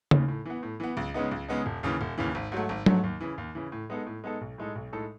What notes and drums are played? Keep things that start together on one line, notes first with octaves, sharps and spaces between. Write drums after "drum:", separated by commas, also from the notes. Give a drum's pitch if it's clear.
D#2 C#3, drum: tom C#3
A2
E3 B3
A2
E3 B3
C#2
C#3 G#3 B3 D#4
C#2
C#3 G#3 B3 D#4
E1
D#2 C#3 E3
E1
D#2 C#3 E3
G#1
G#2 F#3 A3
G#1
G#2 F#3 A3, drum: tom F#3
D#2
C#3 E3
D#2
C#3 E3
A2
G#3 B3 D#4 A4
A2
G#3 B3 D#4 A4
B1
A2 G#3 D#4 A4
B1
A2 G#3 D#4 A4